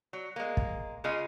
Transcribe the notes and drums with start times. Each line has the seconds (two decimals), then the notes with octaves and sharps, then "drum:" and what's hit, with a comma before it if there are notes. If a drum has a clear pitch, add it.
0.13 F#3
0.36 G#3 A#3
0.57 drum: kick
1.04 C#3 G#3 F4 G#4 D#5